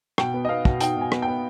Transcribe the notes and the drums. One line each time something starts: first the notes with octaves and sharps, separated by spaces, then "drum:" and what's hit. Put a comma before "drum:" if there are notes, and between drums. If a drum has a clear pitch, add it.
B2 G5, drum: rim click
B3
D#5
B3 F5
B2, drum: kick
D#4 G5, drum: hi-hat
B2 G#5
B3, drum: rim click
G5
B3